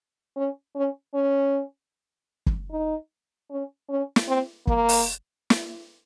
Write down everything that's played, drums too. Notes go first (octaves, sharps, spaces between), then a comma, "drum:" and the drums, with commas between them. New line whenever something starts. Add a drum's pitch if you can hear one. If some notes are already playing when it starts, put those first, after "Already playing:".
C#4
C#4
C#4
drum: kick
D#4
C#4
C#4
drum: snare
C4
A#3, drum: kick
drum: open hi-hat
drum: snare